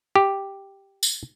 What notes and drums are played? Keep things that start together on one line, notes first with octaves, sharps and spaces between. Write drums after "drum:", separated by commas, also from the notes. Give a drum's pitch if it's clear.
G4
drum: tambourine